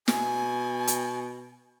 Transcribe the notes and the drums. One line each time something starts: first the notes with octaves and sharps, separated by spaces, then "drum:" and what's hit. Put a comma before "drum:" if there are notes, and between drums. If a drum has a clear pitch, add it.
B2 G#5, drum: snare
drum: hi-hat